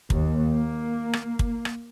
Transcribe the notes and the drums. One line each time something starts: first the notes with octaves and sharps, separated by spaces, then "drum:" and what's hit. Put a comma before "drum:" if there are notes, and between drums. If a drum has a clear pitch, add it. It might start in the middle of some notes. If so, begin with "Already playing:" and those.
D#2, drum: kick
A#3
drum: rim click
drum: kick
drum: rim click